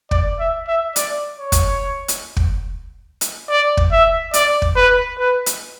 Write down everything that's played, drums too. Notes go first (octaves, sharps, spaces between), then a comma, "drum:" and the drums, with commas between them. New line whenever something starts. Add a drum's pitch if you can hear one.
D5, drum: kick
E5
E5
D5, drum: hi-hat
C#5
drum: kick, hi-hat
drum: hi-hat
drum: kick
drum: hi-hat
D5
drum: kick
E5
D5, drum: hi-hat
drum: kick
B4
B4
drum: hi-hat